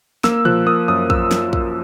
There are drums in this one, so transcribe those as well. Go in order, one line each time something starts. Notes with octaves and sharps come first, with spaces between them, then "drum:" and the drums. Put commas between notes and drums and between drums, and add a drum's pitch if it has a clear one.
A#3 E6, drum: snare
F3 F#6, drum: tom A#2
A#3 D#6
F#2 D#6
A#3 E6, drum: kick
drum: snare
drum: kick